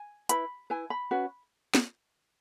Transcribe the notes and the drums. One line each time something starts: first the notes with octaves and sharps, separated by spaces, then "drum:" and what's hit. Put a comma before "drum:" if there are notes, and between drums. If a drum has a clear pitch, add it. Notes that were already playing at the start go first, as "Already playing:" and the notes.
Already playing: G#5
E4 B4 B5, drum: hi-hat
E4 B4 G#5
B5
C#4 F#4 B4
drum: snare